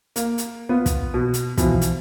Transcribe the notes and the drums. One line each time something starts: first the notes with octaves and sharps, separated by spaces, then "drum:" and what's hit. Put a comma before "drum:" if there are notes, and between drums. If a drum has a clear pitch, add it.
A#3, drum: hi-hat
drum: hi-hat
B3 F4
drum: kick, hi-hat
B2
drum: hi-hat
B2 E3 F3, drum: kick, hi-hat
drum: hi-hat